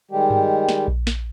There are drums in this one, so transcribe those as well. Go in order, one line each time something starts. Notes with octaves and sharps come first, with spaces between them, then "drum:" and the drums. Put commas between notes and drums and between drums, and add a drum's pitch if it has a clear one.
D#3 G3 G#3 G4
drum: tom G2
drum: snare
drum: kick A#1
drum: snare